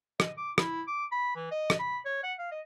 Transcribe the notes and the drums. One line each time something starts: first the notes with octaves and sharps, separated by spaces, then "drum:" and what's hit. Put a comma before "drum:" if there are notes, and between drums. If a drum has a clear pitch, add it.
D#5, drum: rim click
D6
E4, drum: rim click
D6
B5
E3
D#5
drum: rim click
B5
C#5
F#5
F5
D#5